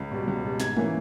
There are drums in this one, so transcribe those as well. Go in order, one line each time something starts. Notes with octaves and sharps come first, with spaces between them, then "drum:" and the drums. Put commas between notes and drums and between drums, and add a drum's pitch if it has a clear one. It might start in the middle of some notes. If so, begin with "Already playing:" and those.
Already playing: C#2
B2 G3
C#2
B2 G3
G#2 G#6, drum: snare
E3 A#3 C#4, drum: tom G#3